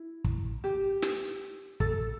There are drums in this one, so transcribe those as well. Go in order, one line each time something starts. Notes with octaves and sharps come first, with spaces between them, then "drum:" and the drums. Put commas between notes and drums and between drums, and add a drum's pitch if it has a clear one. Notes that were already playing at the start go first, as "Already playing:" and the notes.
Already playing: E4
drum: kick
G4
drum: snare
A4, drum: kick